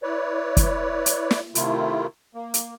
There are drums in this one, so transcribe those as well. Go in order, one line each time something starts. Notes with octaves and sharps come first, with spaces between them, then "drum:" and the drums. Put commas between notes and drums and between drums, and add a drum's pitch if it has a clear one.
E4 B4 C#5 D5
drum: kick, hi-hat
drum: hi-hat
drum: snare
C3 D#3 A3 E4 F4, drum: hi-hat
A#3
drum: hi-hat